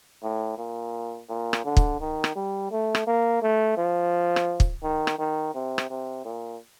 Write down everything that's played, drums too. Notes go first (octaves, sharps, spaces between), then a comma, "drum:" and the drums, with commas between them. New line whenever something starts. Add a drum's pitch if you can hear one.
A2
A#2
A#2
drum: rim click
D3
drum: kick
D#3
drum: rim click
G3
A3
drum: rim click
A#3
A3
F3
drum: rim click
drum: kick
D#3
drum: rim click
D#3
C3
drum: rim click
C3
A#2